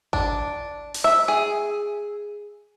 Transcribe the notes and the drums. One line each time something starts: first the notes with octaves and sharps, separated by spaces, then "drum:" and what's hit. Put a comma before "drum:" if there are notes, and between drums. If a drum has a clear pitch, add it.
D4, drum: kick G#1
drum: hi-hat
E5
G#4